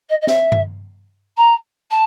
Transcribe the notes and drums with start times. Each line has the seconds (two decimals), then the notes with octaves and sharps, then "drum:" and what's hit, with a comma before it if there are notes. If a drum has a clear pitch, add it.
0.09 D#5
0.21 D#5
0.27 E5, drum: snare
0.52 drum: tom G2
1.37 A#5
1.90 A5